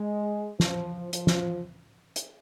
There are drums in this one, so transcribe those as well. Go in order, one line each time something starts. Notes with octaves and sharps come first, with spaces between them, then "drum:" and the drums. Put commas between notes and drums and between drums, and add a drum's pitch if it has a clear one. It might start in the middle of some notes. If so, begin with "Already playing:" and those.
Already playing: G#3
F3, drum: snare
F3, drum: hi-hat
drum: snare
drum: hi-hat